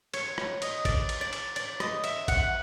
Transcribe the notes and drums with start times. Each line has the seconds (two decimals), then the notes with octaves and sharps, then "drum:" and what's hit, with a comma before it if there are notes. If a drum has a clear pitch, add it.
0.14 C#5, drum: cymbal
0.38 drum: rim click
0.62 D#5, drum: cymbal
0.85 D5, drum: kick, cymbal
1.09 drum: cymbal
1.21 D5
1.33 drum: cymbal
1.56 D5, drum: cymbal
1.80 D#5, drum: rim click
2.04 E5, drum: cymbal
2.28 F#5, drum: kick, cymbal